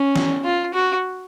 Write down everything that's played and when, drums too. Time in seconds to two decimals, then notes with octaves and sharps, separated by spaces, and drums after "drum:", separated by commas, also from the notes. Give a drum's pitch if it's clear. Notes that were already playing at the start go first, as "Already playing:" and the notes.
Already playing: C#4
0.16 drum: snare
0.44 F4
0.74 F#4